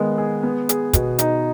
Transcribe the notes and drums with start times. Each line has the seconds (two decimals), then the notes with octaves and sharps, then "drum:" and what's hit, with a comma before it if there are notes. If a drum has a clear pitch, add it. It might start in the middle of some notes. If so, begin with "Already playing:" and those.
Already playing: D#3 G#3 B3
0.18 G#4
0.43 B3
0.69 G#4, drum: hi-hat
0.93 B2, drum: kick, hi-hat
1.19 D#4, drum: hi-hat